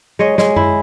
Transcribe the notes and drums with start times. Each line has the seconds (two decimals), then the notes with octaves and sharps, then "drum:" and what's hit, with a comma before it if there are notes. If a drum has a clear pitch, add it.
0.19 G#3 C#5 D#5
0.38 G#3, drum: snare
0.56 E4, drum: tom F#2